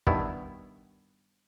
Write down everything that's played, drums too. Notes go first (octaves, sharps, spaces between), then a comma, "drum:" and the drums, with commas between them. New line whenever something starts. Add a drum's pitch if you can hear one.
G2 D#3 G3 B3 E4, drum: kick